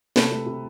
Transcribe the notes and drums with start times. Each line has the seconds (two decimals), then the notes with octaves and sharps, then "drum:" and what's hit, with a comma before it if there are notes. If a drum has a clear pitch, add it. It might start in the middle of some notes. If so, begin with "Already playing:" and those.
0.16 C3 A4 B4, drum: snare
0.31 A3
0.46 C3